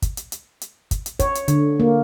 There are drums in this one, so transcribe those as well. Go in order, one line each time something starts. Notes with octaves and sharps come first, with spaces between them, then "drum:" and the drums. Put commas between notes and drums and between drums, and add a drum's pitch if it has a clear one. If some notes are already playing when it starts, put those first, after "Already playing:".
drum: kick, hi-hat
drum: hi-hat
drum: hi-hat
drum: hi-hat
drum: kick, hi-hat
drum: hi-hat
C#5, drum: kick, hi-hat
drum: hi-hat
D3, drum: hi-hat
A#3